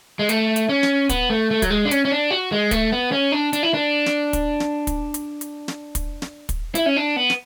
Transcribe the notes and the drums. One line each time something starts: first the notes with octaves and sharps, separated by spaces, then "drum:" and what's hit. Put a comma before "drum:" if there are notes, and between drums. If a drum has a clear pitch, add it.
G#3
A3, drum: hi-hat
drum: hi-hat
C#4
drum: snare
B3, drum: kick, hi-hat
A3
A3
F#3, drum: kick, hi-hat
G#3
D4
C#4, drum: hi-hat
C#4
D4
F#4
G#3
A3, drum: kick, hi-hat
B3
C#4
D4
D4, drum: hi-hat
E4
D4
drum: snare
drum: kick, hi-hat
drum: snare
drum: kick, hi-hat
drum: hi-hat
drum: hi-hat
drum: snare
drum: kick, hi-hat
drum: snare
drum: kick, hi-hat
E4, drum: hi-hat
C#4
D4
B3
drum: snare